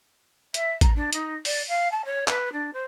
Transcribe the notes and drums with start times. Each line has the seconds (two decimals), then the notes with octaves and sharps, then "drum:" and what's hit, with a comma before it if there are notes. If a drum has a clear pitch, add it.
0.54 E5, drum: hi-hat
0.81 A#5, drum: kick A1, hi-hat
0.95 D4
1.13 D#4, drum: hi-hat
1.45 D5, drum: open hi-hat
1.68 F5
1.91 A5
2.05 C#5
2.28 B4, drum: clap
2.52 D4
2.73 C5